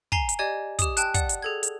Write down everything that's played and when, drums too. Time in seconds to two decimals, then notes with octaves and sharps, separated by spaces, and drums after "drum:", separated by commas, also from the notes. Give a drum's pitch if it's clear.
0.12 G#5 A#5 C7 E7 G7, drum: kick
0.29 drum: hi-hat
0.39 G4 D5 D#5 G#5 G#6
0.79 G4 D#6, drum: kick, hi-hat
0.97 G5 A5 F#6, drum: hi-hat
1.14 D5 F#5, drum: kick, hi-hat
1.29 drum: hi-hat
1.42 G#4 A4 G#6
1.63 drum: hi-hat